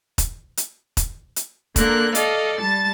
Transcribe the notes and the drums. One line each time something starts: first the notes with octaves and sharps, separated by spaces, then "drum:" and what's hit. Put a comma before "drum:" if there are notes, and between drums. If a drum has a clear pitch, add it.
drum: kick E1, hi-hat
drum: hi-hat
drum: kick E1, hi-hat
drum: hi-hat
D3 A#3 A#4 F#6, drum: kick E1, hi-hat
A4 D5 D#5 F5, drum: hi-hat
G3 A5 A6